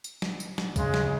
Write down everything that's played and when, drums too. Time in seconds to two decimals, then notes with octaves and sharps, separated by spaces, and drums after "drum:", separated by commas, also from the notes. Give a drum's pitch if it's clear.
0.04 drum: tambourine
0.22 drum: snare
0.40 drum: tambourine
0.58 drum: snare
0.76 C#3 G#3, drum: kick, tambourine
0.94 drum: snare